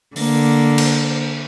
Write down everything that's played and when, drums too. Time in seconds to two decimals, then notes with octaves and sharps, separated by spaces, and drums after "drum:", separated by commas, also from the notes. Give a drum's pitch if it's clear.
0.16 D3 A#3, drum: open hi-hat
0.78 drum: cymbal